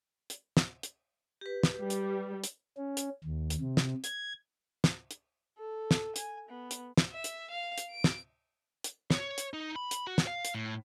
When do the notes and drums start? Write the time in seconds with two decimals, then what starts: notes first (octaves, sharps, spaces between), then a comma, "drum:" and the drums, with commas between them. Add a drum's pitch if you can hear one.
0.30 drum: hi-hat
0.57 drum: snare
0.83 drum: hi-hat
1.41 G4 B4
1.63 drum: snare
1.79 G3
1.90 drum: hi-hat
2.44 drum: hi-hat
2.77 C#4
2.97 drum: hi-hat
3.24 D#2
3.50 drum: hi-hat
3.61 C3
3.77 drum: snare
4.04 G#6, drum: hi-hat
4.84 drum: snare
5.11 drum: hi-hat
5.58 A4
5.91 drum: snare
6.16 G#5, drum: hi-hat
6.49 B3
6.71 drum: hi-hat
6.97 drum: snare
7.12 E5
7.24 drum: hi-hat
7.51 F5
7.78 drum: hi-hat
7.90 D7
8.04 drum: snare
8.84 drum: hi-hat
9.10 C#5, drum: snare
9.38 drum: hi-hat
9.53 D#4
9.76 B5
9.91 drum: hi-hat
10.07 F#4
10.18 drum: snare
10.27 F5
10.45 drum: hi-hat
10.55 A2